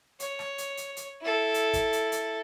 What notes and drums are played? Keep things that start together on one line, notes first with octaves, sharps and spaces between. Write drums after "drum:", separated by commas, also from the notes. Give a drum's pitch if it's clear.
C#5, drum: hi-hat
drum: rim click
drum: hi-hat
drum: hi-hat
drum: hi-hat
E4 A4
drum: hi-hat
drum: kick, hi-hat
drum: hi-hat
drum: hi-hat